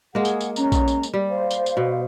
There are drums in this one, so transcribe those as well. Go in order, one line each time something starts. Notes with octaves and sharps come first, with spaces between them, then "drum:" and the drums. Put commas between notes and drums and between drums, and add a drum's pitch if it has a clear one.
G#3 A#3 G#4 F#5
drum: tambourine
drum: tambourine
C#4 A#5, drum: tambourine
drum: kick A#1, tambourine
drum: tambourine
drum: tambourine
G3
C5 F5
drum: tambourine
drum: tambourine
B2